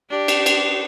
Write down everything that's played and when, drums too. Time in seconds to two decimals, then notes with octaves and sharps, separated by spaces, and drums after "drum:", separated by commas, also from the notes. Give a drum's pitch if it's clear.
0.11 D4 G4
0.28 drum: cymbal
0.46 drum: cymbal